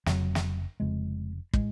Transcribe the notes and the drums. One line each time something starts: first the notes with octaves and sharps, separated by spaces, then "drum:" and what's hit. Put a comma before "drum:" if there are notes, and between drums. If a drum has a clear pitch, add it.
F1 F2 C#3 F#3, drum: snare
drum: snare
F1 F2 C#3 G#3
A2 G#3, drum: kick